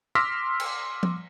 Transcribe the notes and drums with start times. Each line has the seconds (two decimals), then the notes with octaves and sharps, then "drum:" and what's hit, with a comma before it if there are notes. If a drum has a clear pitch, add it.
0.15 C6 D6 E6 F6 A#6 B6
0.60 drum: cymbal
1.03 drum: tom F3